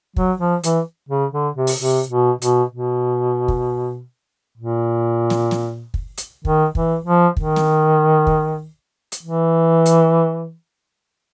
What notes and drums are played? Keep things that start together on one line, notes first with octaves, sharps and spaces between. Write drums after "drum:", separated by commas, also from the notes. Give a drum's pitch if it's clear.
F#3, drum: kick
F3
E3, drum: hi-hat
C#3
D3
C3
drum: open hi-hat
C3
B2
B2, drum: hi-hat
B2
drum: kick
A#2
drum: snare
drum: snare
drum: kick
drum: hi-hat
D#3, drum: kick
E3, drum: kick
F3
D#3, drum: kick
drum: snare
drum: kick
drum: hi-hat
E3
drum: hi-hat